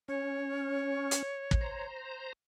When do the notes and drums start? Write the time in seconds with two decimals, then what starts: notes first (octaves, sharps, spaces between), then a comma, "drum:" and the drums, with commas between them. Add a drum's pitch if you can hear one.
0.08 C#4 C#5
1.11 drum: hi-hat
1.51 drum: kick
1.61 C5 A#5